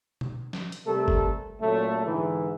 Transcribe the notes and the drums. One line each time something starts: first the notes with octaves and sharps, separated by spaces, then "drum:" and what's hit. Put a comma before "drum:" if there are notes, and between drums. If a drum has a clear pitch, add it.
drum: tom B2
drum: snare
drum: hi-hat
C3 G3 A3 A4 A#4
drum: kick
A#2 C#3 F#3 A3
G#2 D3 E3